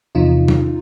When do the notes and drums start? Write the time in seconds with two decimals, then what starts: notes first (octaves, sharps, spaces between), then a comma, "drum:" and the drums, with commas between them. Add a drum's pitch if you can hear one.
0.15 E2 C3 F3 D#4 F4
0.48 drum: tom F3